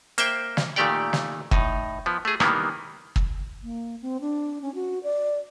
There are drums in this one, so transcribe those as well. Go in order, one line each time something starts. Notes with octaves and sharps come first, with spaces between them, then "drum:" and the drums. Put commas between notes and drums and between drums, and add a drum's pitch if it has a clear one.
A#3 C5 E5 G5, drum: hi-hat
drum: snare
A#2 D#3 A3 G4 D5 G5
drum: snare
A2 D#4, drum: kick
F3 B3
A3 G#4
D#3 E3 G3 A#3 B3, drum: rim click
drum: kick
A#3
C4
D4
C#4
F#4
D5